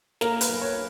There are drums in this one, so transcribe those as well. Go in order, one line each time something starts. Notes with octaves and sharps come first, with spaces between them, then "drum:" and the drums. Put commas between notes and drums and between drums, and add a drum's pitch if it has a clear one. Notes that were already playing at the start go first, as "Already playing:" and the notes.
A#3 A#4, drum: snare
B4, drum: hi-hat
B1
C#5